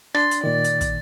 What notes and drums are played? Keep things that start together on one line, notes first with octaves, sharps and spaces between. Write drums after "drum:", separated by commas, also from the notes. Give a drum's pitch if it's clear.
D4 C6 A6, drum: rim click
drum: hi-hat
A#2 D#3 D5
drum: hi-hat
drum: kick, hi-hat